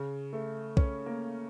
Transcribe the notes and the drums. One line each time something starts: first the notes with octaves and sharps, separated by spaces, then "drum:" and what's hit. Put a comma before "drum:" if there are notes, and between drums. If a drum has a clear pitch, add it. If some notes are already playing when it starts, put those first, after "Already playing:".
Already playing: C#3
A3
C#4, drum: kick B1
A#3